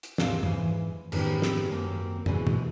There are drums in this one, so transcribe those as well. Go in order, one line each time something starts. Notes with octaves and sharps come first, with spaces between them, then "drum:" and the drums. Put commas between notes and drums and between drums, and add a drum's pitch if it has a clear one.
drum: hi-hat
D#2 G#2 C3 C4 F5, drum: snare
G#2 E3, drum: tom
G#2 D#3 B3 C#4 G4, drum: cymbal
drum: snare
F#2 A#3 C4
G#2 B2 E3 G3 G#3, drum: tom
drum: tom